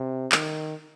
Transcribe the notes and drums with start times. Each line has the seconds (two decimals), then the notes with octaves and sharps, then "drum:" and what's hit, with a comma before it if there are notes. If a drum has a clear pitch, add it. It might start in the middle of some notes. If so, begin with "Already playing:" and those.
Already playing: C3
0.32 D#3, drum: clap